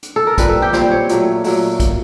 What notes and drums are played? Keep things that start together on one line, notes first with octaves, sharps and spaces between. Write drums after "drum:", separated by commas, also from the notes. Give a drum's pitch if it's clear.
drum: hi-hat
A4
A#4
A#2 G3 C4 B4, drum: kick, hi-hat
A4
G4
A#2 G3 C4 C5, drum: snare
C#5
A#2 F#3 A3, drum: hi-hat
A#2 F#3 A3, drum: open hi-hat
drum: kick, hi-hat